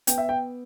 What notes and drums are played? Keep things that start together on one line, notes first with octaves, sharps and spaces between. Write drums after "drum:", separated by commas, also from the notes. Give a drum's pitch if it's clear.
B3 G5, drum: hi-hat
E5
G5